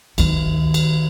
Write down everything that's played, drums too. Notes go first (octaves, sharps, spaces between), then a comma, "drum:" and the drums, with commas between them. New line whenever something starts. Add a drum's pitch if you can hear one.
D2 D#3, drum: cymbal
drum: cymbal